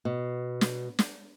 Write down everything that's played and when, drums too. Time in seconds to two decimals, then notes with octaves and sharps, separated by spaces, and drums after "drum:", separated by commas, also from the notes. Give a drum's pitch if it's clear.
0.05 B2
0.61 drum: snare
0.99 drum: snare